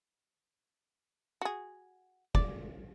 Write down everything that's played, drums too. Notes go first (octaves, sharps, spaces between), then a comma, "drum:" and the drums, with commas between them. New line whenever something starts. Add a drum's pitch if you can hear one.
F#4 G#4
D5, drum: kick